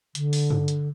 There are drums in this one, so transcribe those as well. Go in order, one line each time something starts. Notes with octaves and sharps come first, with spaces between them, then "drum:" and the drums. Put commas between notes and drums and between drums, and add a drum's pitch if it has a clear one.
D3, drum: hi-hat
drum: open hi-hat
drum: tom G2
drum: hi-hat